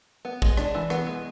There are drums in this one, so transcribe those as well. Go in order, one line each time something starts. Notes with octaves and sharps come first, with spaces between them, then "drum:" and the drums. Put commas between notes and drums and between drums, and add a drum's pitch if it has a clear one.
B3
G#3, drum: kick
D4, drum: rim click
E3
B3, drum: rim click
G#3